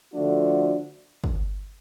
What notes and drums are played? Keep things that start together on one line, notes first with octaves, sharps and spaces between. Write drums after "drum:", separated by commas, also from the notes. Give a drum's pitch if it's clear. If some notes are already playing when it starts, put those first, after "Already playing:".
D3 F3 A3 D4 F#4
drum: kick